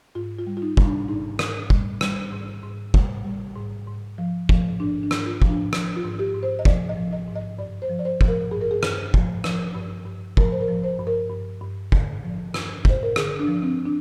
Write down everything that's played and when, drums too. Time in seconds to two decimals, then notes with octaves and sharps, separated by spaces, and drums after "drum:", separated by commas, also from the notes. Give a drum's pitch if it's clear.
0.15 G#2 F4
0.39 F4
0.47 G3
0.57 F4
0.62 D#4
0.77 G3, drum: kick
0.85 D4
1.08 G#2 D#4
1.39 G#2, drum: rim click
1.70 G3, drum: kick
2.01 G3, drum: rim click
2.32 G#2
2.63 G#2
2.94 G3, drum: kick
3.25 G3
3.56 G#2
3.87 G#2
4.18 F3
4.49 F3, drum: kick
4.80 G#2 D4
5.03 D4
5.11 G#2, drum: rim click
5.26 F4
5.42 F3, drum: kick
5.50 D4
5.73 F3, drum: rim click
5.96 F4
6.04 G#2
6.19 G4
6.35 G#2
6.43 C5
6.59 D#5
6.65 F3 D5, drum: kick
6.89 D#5
6.97 F3
7.13 D#5
7.27 G#2
7.36 D#5
7.59 G2 D5
7.82 C5
7.89 F3
7.99 D5
8.05 C5
8.21 F3, drum: kick
8.28 A#4
8.51 G2 G#4
8.61 A#4
8.71 G#4
8.83 G2, drum: rim click
9.14 F3, drum: kick
9.44 F3, drum: rim click
9.75 G2
10.06 G2
10.37 F3 A#4, drum: kick
10.52 C5
10.61 A#4
10.68 F3
10.84 C5
10.99 G2
11.07 A#4
11.30 G2
11.61 G2
11.92 D3, drum: kick
12.23 F3
12.54 G2, drum: rim click
12.85 G2 C5, drum: kick
13.03 A#4
13.16 D3 G#4, drum: rim click
13.39 D4
13.47 F3
13.62 C4
13.86 D4